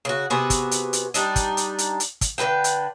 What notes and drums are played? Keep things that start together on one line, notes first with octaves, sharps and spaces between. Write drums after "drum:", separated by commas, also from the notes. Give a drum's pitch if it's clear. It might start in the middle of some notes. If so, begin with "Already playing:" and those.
C#3 F#4
C3 B3 F#4 G#4
drum: kick, hi-hat
drum: hi-hat
drum: hi-hat
G3 D4 D#4, drum: hi-hat
drum: kick, hi-hat
drum: hi-hat
drum: hi-hat
drum: hi-hat
drum: kick, hi-hat
D3 G#4 B4 G5
drum: hi-hat